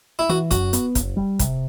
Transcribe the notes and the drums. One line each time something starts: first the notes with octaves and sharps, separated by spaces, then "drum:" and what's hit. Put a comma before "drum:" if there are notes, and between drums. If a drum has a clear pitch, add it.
E4
E3 F#4
F#2 F#4, drum: kick, hi-hat
B3, drum: hi-hat
F#1, drum: kick, hi-hat
G3
C3, drum: kick, hi-hat